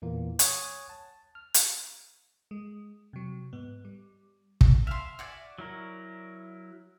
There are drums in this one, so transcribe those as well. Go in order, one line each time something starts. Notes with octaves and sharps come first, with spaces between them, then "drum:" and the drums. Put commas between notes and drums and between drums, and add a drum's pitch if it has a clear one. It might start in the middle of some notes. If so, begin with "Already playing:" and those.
E2 A#2 E3 A#3
C#5 F#5 G#5 D#6 G#6, drum: hi-hat
A5
F6
drum: hi-hat
G#3
C3 F#3
G#2 B3
G3
drum: kick
E5 F5 C6
F#4 D5 G#5
F#3 E4 A#4